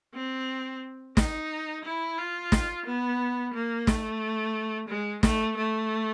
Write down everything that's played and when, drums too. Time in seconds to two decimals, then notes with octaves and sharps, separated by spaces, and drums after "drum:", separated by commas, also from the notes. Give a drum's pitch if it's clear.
0.14 C4
1.17 D#4, drum: snare
1.84 E4
2.18 F4
2.52 drum: snare
2.86 B3
3.54 A#3
3.87 A3, drum: snare
4.88 G#3
5.23 A3, drum: snare
5.57 A3